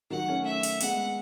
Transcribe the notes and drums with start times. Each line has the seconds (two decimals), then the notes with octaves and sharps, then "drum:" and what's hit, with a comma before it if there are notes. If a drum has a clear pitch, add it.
0.10 D#3 F#3 F#5
0.28 A3 C#4
0.46 E5
0.63 drum: open hi-hat
0.81 G#3 B3 F#5, drum: open hi-hat